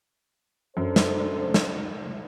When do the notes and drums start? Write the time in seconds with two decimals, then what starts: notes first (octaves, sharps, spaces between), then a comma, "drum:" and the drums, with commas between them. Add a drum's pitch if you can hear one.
0.77 F#2 D4 A4 C5
0.96 drum: snare
1.54 drum: snare